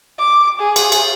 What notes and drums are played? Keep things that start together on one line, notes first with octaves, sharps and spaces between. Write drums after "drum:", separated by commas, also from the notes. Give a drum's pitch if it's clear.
D6
G#4
drum: cymbal
drum: cymbal